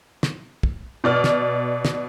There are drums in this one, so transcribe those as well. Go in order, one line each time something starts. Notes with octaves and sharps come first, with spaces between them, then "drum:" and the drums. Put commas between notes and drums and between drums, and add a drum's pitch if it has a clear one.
drum: snare
drum: kick
B2 D5 F6
drum: snare
drum: snare